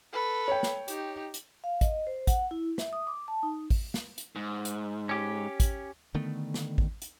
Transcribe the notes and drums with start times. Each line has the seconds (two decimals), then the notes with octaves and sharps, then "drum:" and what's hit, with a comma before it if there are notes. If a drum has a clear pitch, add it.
0.13 A4 B4
0.48 C#5 G5
0.63 drum: snare
0.88 D#4 G4, drum: hi-hat
1.34 drum: hi-hat
1.64 F5
1.81 D#5, drum: kick, hi-hat
2.07 C5
2.27 F#5, drum: kick, hi-hat
2.51 E4
2.78 E5, drum: snare
2.93 D#6
3.07 D6
3.28 A5
3.43 D#4
3.70 drum: kick, open hi-hat
3.94 drum: snare
4.18 drum: hi-hat
4.36 G#2
4.65 drum: hi-hat
5.09 C#4 G4
5.60 drum: kick, hi-hat
6.14 D3 D#3 A3 B3
6.54 drum: snare
6.78 drum: kick
7.02 drum: hi-hat